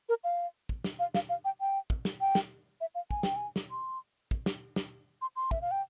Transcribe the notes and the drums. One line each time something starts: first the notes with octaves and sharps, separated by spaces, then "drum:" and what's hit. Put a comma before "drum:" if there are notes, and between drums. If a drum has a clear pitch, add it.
A#4
F5
drum: kick
drum: snare
F5
F5, drum: snare
F5
G5
G5
drum: kick
drum: snare
G5
drum: snare
E5
F5
G#5, drum: kick
G5, drum: snare
G#5
drum: snare
C6
drum: kick
drum: snare
drum: snare
C6
C6
E5, drum: kick
F5
G5